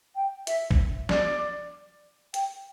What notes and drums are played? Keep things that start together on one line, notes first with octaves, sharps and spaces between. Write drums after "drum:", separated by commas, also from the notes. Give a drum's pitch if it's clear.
G5
E5, drum: hi-hat
drum: kick
D5, drum: snare
G5, drum: hi-hat